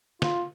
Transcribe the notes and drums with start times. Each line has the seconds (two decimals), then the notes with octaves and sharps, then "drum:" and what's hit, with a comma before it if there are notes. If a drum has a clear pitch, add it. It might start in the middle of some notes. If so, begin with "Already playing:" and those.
0.22 F4, drum: snare